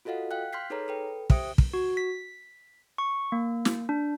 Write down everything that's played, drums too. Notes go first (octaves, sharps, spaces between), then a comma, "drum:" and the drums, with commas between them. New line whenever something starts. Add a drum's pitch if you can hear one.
F4 F#4 A4 D#5 F5 F#5
F5 G5 F#6
C6 F6 G6 B6 C7
D#4 G#4 A4 B4 C#5 A#5
A4 B4 G5
G4 C5 E5 G5 D#6 D7, drum: kick
drum: kick
F#4
B6
C#6
A#3
drum: snare
D4